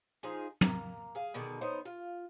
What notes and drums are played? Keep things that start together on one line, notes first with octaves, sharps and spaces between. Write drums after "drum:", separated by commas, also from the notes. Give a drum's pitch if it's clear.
F3 D#4 G#4
A#3 A#5, drum: tom
G#4 F5
B2 D3 D#3 G#3
B3 D#4 C5 C#5
F4